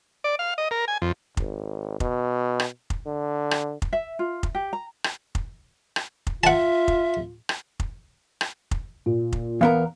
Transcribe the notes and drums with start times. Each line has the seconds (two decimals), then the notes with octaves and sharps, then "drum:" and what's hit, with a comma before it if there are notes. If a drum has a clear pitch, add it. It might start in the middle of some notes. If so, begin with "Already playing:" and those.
0.24 D5
0.39 F5
0.58 D#5
0.71 A#4
0.88 G#5
1.02 F2
1.37 G#1, drum: kick F1
2.00 B2, drum: kick F1
2.60 drum: rim click
2.90 drum: kick F1
3.06 D3
3.51 drum: rim click
3.82 drum: kick F1
3.93 E5
4.19 F4
4.43 drum: kick F1
4.55 G4
4.73 A#5
5.04 drum: rim click
5.35 drum: kick F1
5.96 drum: rim click
6.27 drum: kick F1
6.44 F4 E5 F#5 A5
6.88 drum: kick F1
7.49 drum: rim click
7.80 drum: kick F1
8.41 drum: rim click
8.71 drum: kick F1
9.06 A#2
9.33 drum: kick F1
9.61 E2 B3 A#4 F5